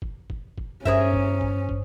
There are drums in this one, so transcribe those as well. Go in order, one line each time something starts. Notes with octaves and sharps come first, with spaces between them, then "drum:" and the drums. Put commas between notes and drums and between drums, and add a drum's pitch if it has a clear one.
drum: kick
drum: kick
drum: kick
G2 C#4 G#4 A#4 C5 E5 D#6, drum: kick
drum: kick
drum: kick
drum: kick